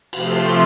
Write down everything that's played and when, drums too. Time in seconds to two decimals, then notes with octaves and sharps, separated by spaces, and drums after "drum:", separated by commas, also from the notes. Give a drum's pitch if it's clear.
0.13 C3 F3 A3 C6, drum: cymbal